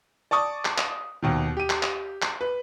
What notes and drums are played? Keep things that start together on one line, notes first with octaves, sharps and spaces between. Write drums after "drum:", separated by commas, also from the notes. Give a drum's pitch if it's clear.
D5 A5 C#6 D#6
drum: clap
drum: clap
D#2 B2 D#3
G4 D#7
drum: clap
drum: clap
drum: clap
B4